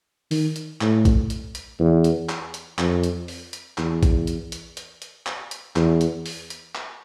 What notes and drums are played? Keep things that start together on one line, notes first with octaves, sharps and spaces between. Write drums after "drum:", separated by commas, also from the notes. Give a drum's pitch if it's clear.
D#3, drum: open hi-hat
drum: hi-hat
A2, drum: clap
drum: kick A#1, hi-hat
drum: hi-hat
drum: hi-hat
E2
drum: hi-hat
drum: clap
drum: hi-hat
F2, drum: clap
drum: hi-hat
drum: open hi-hat
drum: hi-hat
E2, drum: clap
drum: kick A#1, hi-hat
drum: hi-hat
drum: hi-hat
drum: hi-hat
drum: hi-hat
drum: clap
drum: hi-hat
E2, drum: clap
drum: hi-hat
drum: open hi-hat
drum: hi-hat
drum: clap